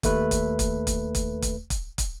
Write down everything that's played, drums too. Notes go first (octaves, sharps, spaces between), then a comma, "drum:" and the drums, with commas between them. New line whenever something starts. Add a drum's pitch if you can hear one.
D#2 A3 B4, drum: kick, hi-hat
drum: kick, hi-hat
drum: kick, hi-hat
drum: kick, hi-hat
drum: kick, hi-hat
drum: kick, hi-hat
drum: kick, hi-hat
drum: kick, hi-hat